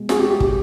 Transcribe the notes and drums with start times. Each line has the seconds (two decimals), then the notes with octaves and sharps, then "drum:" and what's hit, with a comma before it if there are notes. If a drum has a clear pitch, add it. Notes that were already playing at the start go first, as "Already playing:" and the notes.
Already playing: B2 G#3
0.09 F#4 G#4, drum: snare
0.20 G4
0.30 G4
0.40 G4, drum: kick